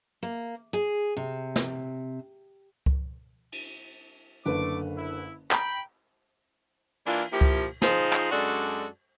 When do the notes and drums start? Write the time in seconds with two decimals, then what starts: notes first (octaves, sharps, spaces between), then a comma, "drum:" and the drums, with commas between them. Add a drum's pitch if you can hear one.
0.23 A#3
0.73 G#4
1.17 C3
1.56 drum: snare
2.86 drum: kick C#2
3.52 drum: cymbal
4.46 F#1 D3 A3 B4 D6
4.97 E4
5.51 G5 A#5 B5, drum: clap
7.06 E3 A#3 D4 E4 F4, drum: cymbal
7.32 F3 A#3 E4 G4
7.41 drum: kick C#2
7.82 F3 D#4 F4 G#4 C5, drum: snare
8.13 drum: clap
8.31 F#2 G#3 D4 F#4 A4 D5